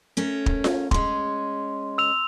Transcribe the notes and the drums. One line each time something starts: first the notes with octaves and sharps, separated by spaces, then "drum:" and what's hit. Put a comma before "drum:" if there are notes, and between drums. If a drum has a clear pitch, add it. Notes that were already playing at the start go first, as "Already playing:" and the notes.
A3 C#4 A#4
drum: kick
drum: snare F4
G#3 C#4 C6, drum: kick
E6 F7